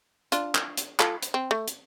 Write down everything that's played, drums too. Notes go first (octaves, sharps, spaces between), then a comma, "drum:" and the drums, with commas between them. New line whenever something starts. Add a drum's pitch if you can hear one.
D4 F4, drum: hi-hat
drum: clap
drum: hi-hat
F4 A4, drum: clap
drum: hi-hat
C4
A3
drum: hi-hat